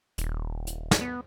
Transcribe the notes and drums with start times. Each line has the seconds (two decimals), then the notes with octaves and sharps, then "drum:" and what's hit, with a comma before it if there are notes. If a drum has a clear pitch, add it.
0.18 D#1, drum: hi-hat
0.67 drum: hi-hat
0.91 drum: snare
1.01 B3